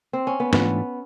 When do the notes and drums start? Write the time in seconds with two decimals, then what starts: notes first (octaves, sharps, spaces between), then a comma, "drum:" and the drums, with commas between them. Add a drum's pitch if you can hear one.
0.13 C4
0.27 C#4
0.40 B3
0.53 G#2 E3 A3 B3 D4 F4, drum: snare